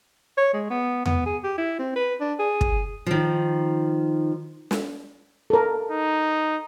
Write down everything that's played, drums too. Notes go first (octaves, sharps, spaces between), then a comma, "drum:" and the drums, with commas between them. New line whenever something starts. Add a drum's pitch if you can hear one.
C#5
G#3
B3
B3, drum: tom E2
G#4
G4
E4
C4
B4
D4
G#4
drum: kick
D#3 F3
drum: snare
A4 A#4
D#4